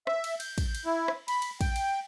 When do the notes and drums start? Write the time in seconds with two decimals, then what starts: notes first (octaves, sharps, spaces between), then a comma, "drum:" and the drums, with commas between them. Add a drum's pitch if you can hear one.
0.07 E5, drum: rim click
0.24 drum: cymbal
0.40 G6, drum: cymbal
0.58 drum: kick, cymbal
0.75 drum: cymbal
0.86 E4
1.08 drum: rim click
1.28 B5, drum: cymbal
1.42 drum: cymbal
1.61 G5, drum: kick, cymbal
1.76 drum: cymbal